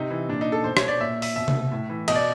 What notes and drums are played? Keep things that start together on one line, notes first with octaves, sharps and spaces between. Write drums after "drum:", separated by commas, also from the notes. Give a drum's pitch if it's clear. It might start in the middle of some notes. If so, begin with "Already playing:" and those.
Already playing: C3 D#4
E3
A#2 D4
D#4
A4
B2 C5
C#5, drum: rim click
D5
A#2 E5
E5, drum: open hi-hat
B2 E5
drum: tom C3
A2
E3
B2 D#5, drum: cymbal
D5